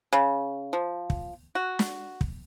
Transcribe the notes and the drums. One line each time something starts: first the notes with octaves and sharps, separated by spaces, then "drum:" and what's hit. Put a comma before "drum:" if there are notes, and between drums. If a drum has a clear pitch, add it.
C#3
F3
drum: kick
F#4
drum: snare
drum: kick